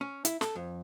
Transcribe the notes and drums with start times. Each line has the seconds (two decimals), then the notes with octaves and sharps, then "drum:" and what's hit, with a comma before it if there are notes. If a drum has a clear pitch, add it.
0.01 C#4
0.25 E4, drum: hi-hat
0.41 A4, drum: snare
0.55 F2